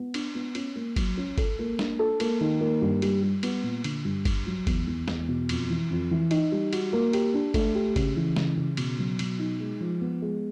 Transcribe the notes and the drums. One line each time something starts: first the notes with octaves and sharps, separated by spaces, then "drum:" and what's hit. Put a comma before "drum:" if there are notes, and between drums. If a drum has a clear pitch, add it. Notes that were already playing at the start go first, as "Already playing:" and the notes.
Already playing: B3
D4, drum: cymbal
B3
C#4, drum: cymbal
A#3
F#3, drum: kick G1, cymbal
C#4
A4, drum: kick G1, cymbal
A#3
D4, drum: snare
A4
A#3, drum: cymbal
D#3
A#3
G2
G3, drum: cymbal
G3
B3, drum: cymbal
A#2
D3, drum: cymbal
G2
G2, drum: kick G1, cymbal
F#3
E2, drum: kick G1, cymbal
E2
E2, drum: snare
B2
F2, drum: cymbal
E3
F2
E3
D#4, drum: cymbal
G3
F#4, drum: cymbal
A#3
G4, drum: cymbal
D4
A3, drum: kick G1, cymbal
G4
C#3, drum: kick G1, cymbal
E3
C#3, drum: snare
C#3
B2, drum: cymbal
F#3
B2, drum: cymbal
D#4
G#3
F3
B3
G#3